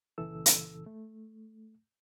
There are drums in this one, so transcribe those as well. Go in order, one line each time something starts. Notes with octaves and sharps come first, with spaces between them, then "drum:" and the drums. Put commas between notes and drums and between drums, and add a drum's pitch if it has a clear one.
C#2 A#2 C#3 E3 A4 E6
drum: hi-hat
A3